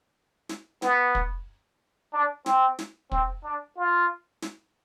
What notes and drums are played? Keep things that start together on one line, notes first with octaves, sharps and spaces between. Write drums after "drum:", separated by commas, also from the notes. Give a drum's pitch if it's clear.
drum: snare
B3, drum: snare
drum: kick
D4
C4, drum: snare
drum: snare
C4, drum: kick
D4
F4
drum: snare